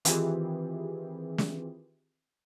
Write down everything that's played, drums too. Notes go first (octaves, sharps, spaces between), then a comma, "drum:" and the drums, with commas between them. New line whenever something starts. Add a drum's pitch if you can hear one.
D#3 E3 C4 F4 G4 G#4, drum: hi-hat
drum: snare